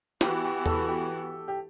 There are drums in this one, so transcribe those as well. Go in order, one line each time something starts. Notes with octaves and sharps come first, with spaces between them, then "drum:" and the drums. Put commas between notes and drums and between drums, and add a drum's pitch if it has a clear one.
E3 B3 F#4 G4, drum: snare
G4
A4, drum: tom E2
G4
G4